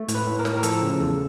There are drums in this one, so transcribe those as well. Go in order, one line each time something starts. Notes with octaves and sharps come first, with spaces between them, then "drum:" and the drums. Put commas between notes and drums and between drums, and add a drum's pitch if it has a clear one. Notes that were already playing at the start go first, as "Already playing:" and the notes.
Already playing: A3
A2, drum: hi-hat
B4
A2
A#4
A2, drum: snare
A#4
F3 A4, drum: hi-hat
C#3
E2 A4